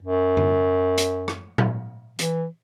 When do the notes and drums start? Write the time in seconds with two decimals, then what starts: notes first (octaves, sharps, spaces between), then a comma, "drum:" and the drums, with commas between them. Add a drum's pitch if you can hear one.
0.03 F#2
0.37 drum: tom
0.98 drum: hi-hat
1.28 drum: rim click
1.58 drum: tom A#2
2.19 E3, drum: hi-hat